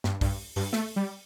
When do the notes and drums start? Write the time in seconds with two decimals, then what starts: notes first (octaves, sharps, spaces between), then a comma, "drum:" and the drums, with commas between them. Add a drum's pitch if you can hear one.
0.04 G2, drum: snare
0.21 G2, drum: kick, open hi-hat
0.56 G2, drum: open hi-hat
0.73 A3, drum: snare
0.96 G3